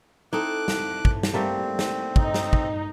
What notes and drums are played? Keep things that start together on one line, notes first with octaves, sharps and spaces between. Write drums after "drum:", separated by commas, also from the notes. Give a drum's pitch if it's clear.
C4 D#4 E4 A4 D6 F#6
drum: snare
drum: kick
drum: snare
G3 A3 A#3 C4
drum: snare
D#4, drum: kick
drum: snare
drum: kick